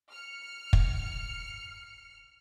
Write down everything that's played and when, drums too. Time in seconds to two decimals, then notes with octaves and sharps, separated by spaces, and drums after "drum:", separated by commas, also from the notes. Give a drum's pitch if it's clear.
0.11 F6 C#7
0.73 drum: kick